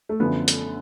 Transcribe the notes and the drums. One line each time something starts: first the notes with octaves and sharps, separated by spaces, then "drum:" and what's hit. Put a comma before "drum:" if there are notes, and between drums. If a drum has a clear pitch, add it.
A3
F#2 D3 F3 B3
drum: hi-hat